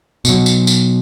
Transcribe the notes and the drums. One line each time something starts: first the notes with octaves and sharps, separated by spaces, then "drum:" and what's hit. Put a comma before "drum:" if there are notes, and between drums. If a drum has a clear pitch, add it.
B2 F#3, drum: tambourine
drum: tambourine
drum: tambourine